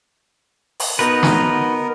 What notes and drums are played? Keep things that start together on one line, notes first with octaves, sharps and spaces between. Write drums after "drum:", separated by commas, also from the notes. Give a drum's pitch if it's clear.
drum: open hi-hat
B3 D#4 F#4 A#4 B4
drum: snare